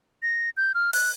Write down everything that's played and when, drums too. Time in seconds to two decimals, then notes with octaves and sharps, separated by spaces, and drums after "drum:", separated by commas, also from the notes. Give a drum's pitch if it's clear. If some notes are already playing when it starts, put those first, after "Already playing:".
0.23 A#6
0.57 G6
0.75 F6
0.93 F#6, drum: open hi-hat